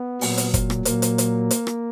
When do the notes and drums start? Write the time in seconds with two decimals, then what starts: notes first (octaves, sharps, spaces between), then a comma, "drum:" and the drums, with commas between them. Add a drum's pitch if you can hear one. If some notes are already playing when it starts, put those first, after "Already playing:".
Already playing: B3
0.21 A#2 F#3, drum: open hi-hat
0.38 drum: hi-hat
0.54 drum: kick, hi-hat
0.70 drum: rim click
0.85 A#2 F#3 A#3, drum: hi-hat
1.02 drum: hi-hat
1.18 drum: hi-hat
1.51 drum: hi-hat
1.67 drum: rim click